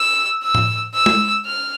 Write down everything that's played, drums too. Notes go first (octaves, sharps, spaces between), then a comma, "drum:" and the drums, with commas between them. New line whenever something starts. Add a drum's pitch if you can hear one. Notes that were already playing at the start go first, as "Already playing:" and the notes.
Already playing: E6
E6
drum: tom A2
E6
drum: tom G#3
F6